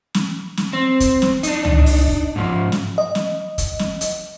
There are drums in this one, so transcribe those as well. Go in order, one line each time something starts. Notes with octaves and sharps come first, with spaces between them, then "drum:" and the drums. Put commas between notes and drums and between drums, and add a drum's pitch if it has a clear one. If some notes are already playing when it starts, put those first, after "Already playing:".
drum: snare
drum: snare
C4
drum: kick, hi-hat
drum: snare
D4 D#4, drum: hi-hat
drum: tom C#2
drum: open hi-hat
drum: kick
G#2 F3
drum: snare
D#5
drum: snare
drum: kick, hi-hat
drum: snare
drum: hi-hat